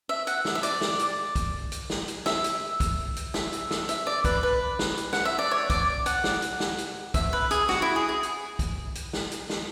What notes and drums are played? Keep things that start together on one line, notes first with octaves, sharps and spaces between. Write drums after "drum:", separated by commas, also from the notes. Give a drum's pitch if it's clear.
E5
F#5, drum: hi-hat
drum: snare
E5
D5, drum: hi-hat
drum: snare
drum: hi-hat
drum: kick, hi-hat
drum: hi-hat
drum: snare
drum: hi-hat
E5, drum: snare
drum: hi-hat
drum: kick, hi-hat
drum: hi-hat
E5, drum: snare
drum: hi-hat
drum: snare
E5, drum: hi-hat
D5
B4, drum: kick, hi-hat
B4
drum: snare
drum: hi-hat
F#5, drum: snare
E5
D5
C#5
D5, drum: kick, hi-hat
F#5, drum: hi-hat
drum: snare
drum: hi-hat
drum: snare
drum: hi-hat
E5, drum: kick, hi-hat
B4
G#4, drum: hi-hat
F#4, drum: snare
E4
G#4
G#4
drum: hi-hat
drum: kick, hi-hat
drum: hi-hat
drum: snare
drum: hi-hat
drum: snare